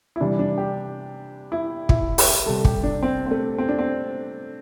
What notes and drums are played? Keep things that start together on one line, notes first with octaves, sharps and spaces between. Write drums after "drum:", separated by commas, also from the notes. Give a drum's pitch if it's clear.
E4
C3 E3 G3 D4
D4
G4
E4
E4, drum: kick
G4, drum: open hi-hat
C3 G3 A4
G4, drum: kick
D4
C4
C4
A3
C4
D4
C4